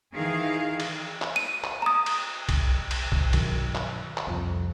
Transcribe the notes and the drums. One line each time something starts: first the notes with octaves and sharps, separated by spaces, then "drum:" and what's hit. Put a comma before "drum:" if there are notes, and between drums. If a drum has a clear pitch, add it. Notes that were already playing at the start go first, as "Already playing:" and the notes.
D#3 E3 G#4 F5
drum: cymbal
drum: clap
D#7
drum: clap
A#5 D#6
drum: cymbal
drum: kick B1, cymbal
drum: cymbal
drum: kick B1
G2 B2 D#3 F#3, drum: cymbal
drum: clap
drum: clap
C2 F2